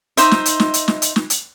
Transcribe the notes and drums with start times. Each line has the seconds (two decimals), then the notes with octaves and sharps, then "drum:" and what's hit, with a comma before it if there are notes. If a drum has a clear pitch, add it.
0.17 D#4 C5 E5, drum: hi-hat
0.31 drum: snare
0.46 drum: hi-hat
0.60 drum: snare
0.74 drum: hi-hat
0.88 drum: snare
1.02 drum: hi-hat
1.16 drum: snare
1.30 drum: hi-hat